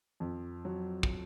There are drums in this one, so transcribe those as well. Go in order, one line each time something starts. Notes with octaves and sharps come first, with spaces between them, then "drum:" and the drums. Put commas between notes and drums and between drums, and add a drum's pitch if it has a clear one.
F2
F#3
drum: kick